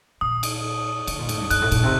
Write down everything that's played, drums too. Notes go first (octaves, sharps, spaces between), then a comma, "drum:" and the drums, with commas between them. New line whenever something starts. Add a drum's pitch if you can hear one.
A#2 D#6
drum: cymbal
D3, drum: cymbal
A#2
A2, drum: cymbal
G2
G2 F#6, drum: cymbal
A2
A#2, drum: cymbal
C3